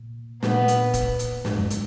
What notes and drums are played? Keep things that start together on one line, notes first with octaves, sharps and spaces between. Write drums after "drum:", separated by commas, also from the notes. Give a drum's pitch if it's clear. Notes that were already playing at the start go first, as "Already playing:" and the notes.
Already playing: A#2
A#2 B3, drum: snare
drum: hi-hat
drum: kick E1, hi-hat
drum: hi-hat
G#2, drum: snare
F#2
drum: hi-hat